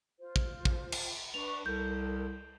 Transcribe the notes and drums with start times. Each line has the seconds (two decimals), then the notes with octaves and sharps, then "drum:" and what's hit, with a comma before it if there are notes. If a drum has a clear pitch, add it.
0.19 F4 C5
0.36 drum: kick
0.65 drum: kick
0.92 drum: cymbal
1.34 D4 B4 C#6 F7
1.66 C2 A4 A#4 G6